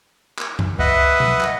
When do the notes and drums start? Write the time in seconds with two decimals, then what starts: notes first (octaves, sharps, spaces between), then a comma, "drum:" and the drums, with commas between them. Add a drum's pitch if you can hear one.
0.38 drum: clap
0.59 drum: tom F#2
0.79 B4 D#5 E5 F#5, drum: kick C#2
1.20 drum: tom B2
1.41 drum: clap